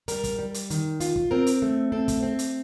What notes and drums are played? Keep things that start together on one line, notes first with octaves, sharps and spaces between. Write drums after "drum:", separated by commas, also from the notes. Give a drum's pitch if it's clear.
G3 A#4, drum: hi-hat
drum: kick, hi-hat
G3
drum: hi-hat
D#3, drum: hi-hat
F4, drum: hi-hat
drum: kick
C4 A#4
drum: hi-hat
A3
C4 A4
drum: kick, hi-hat
C4
drum: hi-hat